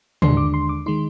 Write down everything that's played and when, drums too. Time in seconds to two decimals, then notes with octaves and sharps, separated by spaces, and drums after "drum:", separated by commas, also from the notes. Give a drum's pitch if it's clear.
0.22 D#2 D3 G#3 D4 C6, drum: tom
0.37 D6
0.54 C6
0.69 D6
0.86 D#3 G#3 D#4 C6